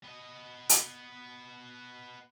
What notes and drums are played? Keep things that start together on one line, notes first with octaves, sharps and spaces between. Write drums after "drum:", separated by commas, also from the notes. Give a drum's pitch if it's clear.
B3 D#5
drum: hi-hat